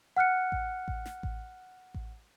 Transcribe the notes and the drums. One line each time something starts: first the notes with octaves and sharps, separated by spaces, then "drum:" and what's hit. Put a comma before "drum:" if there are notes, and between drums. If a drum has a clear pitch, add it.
F#5 F6 F#6 C#7
drum: kick A1
drum: kick A1
drum: snare
drum: kick A1
drum: kick A1